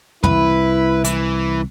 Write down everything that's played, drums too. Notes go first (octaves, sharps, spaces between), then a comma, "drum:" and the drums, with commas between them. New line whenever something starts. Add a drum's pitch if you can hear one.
C2 E4 B4, drum: tom
E3, drum: hi-hat